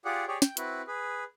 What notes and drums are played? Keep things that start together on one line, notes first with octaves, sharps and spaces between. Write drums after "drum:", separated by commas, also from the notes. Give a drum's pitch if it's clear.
F4 G4 G#4 D5 F#5
G4 G#4 C#5 D5
G5, drum: snare
C4 E4 F#4 B4, drum: hi-hat
G#4 B4